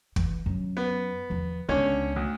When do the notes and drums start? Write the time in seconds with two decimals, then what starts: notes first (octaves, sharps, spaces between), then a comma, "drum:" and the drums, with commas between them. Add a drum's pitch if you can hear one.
0.16 E3, drum: kick
0.46 F#2
0.77 B3
1.30 E2 F3
1.69 C#2 D3 B3 C#4 C#5
2.16 D2